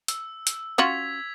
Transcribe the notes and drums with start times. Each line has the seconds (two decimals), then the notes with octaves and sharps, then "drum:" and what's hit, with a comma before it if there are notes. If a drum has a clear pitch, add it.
0.08 E6, drum: hi-hat
0.47 drum: hi-hat
0.78 C#4 F4 F#4 G#6 B6 F7